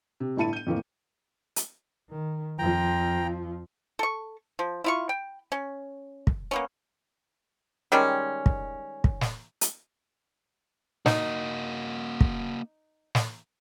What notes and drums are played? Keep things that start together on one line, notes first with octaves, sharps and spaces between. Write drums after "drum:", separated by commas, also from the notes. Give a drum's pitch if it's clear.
C3
G1 A2 E4 A5 C#7 D#7
G6 D#7
F2 A2 E3 A#3
drum: hi-hat
D#3
F2 F3 G5 A#5
A4 C#6
F3
E4 F4 C#6
G5
C#4
drum: kick
A#3 B3 C#4
D#3 G3 G#3 C#4
drum: kick
drum: kick
drum: snare
drum: hi-hat
A#3 D#4 F#4, drum: snare
drum: kick
drum: snare